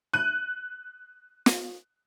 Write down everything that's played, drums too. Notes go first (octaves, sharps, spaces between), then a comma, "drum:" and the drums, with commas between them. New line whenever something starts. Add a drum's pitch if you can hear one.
F#6 D#7
drum: snare